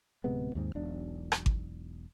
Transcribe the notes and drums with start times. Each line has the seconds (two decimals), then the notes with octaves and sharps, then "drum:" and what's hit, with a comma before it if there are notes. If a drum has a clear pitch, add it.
0.24 D1 C3 G#3 B3
0.55 D#2 G#2 C4
0.75 E1 B1 D4
1.32 drum: rim click
1.46 drum: kick G#1